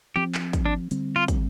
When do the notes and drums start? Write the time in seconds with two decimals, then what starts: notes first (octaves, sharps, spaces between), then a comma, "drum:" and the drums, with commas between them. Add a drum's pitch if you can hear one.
0.16 F3 C4 G4
0.35 drum: clap
0.53 drum: kick, hi-hat
0.66 D4
0.91 D3 G3 C4, drum: hi-hat
1.16 F4
1.28 drum: kick, hi-hat